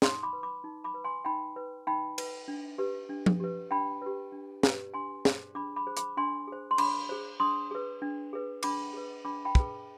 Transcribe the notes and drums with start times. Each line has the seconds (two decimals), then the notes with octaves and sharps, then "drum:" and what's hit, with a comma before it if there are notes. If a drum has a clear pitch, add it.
0.02 D#4 C6 D#6, drum: snare
0.23 B5 D6
0.33 B4
0.43 B5 D6
0.64 D#4
0.84 B5 D6
0.94 B4
1.04 G#5 C6
1.25 D#4 G5 B5
1.56 B4
1.87 D#4 G5 B5
2.18 B4, drum: cymbal
2.48 D4
2.78 G4 B4
3.09 D4
3.26 drum: tom F3
3.40 G4 B4
3.71 D4 G5 B5
4.02 G4 B4
4.32 D4
4.63 G4 B4, drum: snare
4.94 D4 G#5 C6
5.25 G#4 C5, drum: snare
5.55 D4 B5 D6
5.76 B5 D6
5.87 G#4 C5
5.97 B5 D6, drum: hi-hat
6.17 D4 G#5 C6
6.48 G#4 C5
6.71 C6
6.78 D4 B5 D6, drum: cymbal
7.09 G#4 C5
7.40 D4 C6 D#6
7.71 G#4 B4
8.02 D4
8.33 G#4 B4
8.63 D4 B5 D6, drum: cymbal
8.93 G#4 B4
9.25 D4 B5 D6
9.45 G5 B5
9.55 G#4 B4, drum: kick